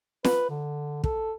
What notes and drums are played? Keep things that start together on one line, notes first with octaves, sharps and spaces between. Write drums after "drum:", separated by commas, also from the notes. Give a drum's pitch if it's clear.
B4, drum: snare
D3
A4, drum: kick